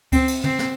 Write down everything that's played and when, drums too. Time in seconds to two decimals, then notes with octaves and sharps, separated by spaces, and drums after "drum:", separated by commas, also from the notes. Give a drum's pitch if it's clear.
0.12 C4, drum: kick D2, cymbal
0.28 drum: cymbal
0.44 C4, drum: tom
0.59 drum: snare